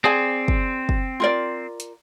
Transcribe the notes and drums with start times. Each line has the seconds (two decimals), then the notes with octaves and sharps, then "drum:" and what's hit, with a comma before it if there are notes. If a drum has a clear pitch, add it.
0.04 C4 G#4 D5 G#5
0.48 drum: kick
0.89 drum: kick
1.20 F4 A#4 D5
1.80 drum: hi-hat